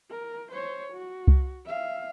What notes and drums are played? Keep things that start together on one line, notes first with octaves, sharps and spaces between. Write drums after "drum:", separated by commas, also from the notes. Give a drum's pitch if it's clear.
A#4
C5 C#5
F#4
drum: kick C2
E5 F5